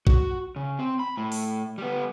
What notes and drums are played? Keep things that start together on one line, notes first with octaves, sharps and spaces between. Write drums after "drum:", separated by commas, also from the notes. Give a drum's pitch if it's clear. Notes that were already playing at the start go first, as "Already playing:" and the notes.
F#4, drum: kick
C#3
C4
B5
A2
drum: open hi-hat
G3 B3